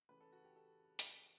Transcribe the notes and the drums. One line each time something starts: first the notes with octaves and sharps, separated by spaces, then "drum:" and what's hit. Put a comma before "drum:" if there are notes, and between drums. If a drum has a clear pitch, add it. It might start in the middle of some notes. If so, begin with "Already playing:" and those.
C#3 E3 A3 B4
A4
F#4
G4
A4
drum: hi-hat